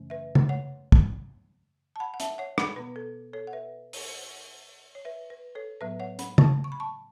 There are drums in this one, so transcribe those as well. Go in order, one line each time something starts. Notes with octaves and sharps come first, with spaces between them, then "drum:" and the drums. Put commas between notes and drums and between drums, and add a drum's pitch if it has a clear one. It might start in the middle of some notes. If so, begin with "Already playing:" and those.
Already playing: F#2 C#3 E3 A3 C#4
B4 E5
drum: tom C#3
C#5 F#5
drum: kick
A5
F#5 B5
F#5
E5 A5, drum: hi-hat
C#5 F#5
F#5 B5, drum: rim click
B2 B3 B4
A4
A4 C#5
F#5
B4 E5
drum: open hi-hat
C#5
B4 E5
B4
A4 C#5
A2 F#3 B3 B4 E5
C#5 F#5
F#5 B5, drum: hi-hat
A5 C#6, drum: tom C#3
C#6
B5
A5 C#6